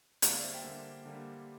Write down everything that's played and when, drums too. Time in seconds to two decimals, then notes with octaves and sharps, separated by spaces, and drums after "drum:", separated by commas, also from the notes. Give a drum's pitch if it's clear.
0.22 D3 G3 A#3 D5 F5, drum: hi-hat
0.33 D5 F5
0.43 C5 E5
0.53 E5 G5
0.63 D3 G3 A#3
1.05 D3 G3 A#3